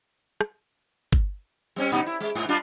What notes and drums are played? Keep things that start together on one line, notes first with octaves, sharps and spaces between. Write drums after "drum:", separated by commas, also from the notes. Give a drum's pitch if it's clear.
drum: rim click
drum: kick G1
G3 C4 C#4
A#2 G3 D#4
E4
G#3
G#2
G3 D4 F4